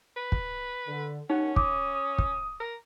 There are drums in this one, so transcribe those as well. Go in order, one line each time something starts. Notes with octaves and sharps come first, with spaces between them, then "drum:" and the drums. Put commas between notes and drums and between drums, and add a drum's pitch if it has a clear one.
B4
drum: kick
D3
D#2 C#4 D#4 F#5
D6 D#6, drum: kick
drum: kick
A#4